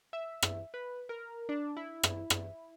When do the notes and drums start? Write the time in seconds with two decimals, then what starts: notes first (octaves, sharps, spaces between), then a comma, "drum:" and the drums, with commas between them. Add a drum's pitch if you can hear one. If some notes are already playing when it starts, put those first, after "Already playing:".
0.13 E5
0.42 drum: rim click
0.74 B4
1.09 A#4
1.49 D4
1.77 E4
2.03 drum: rim click
2.30 drum: rim click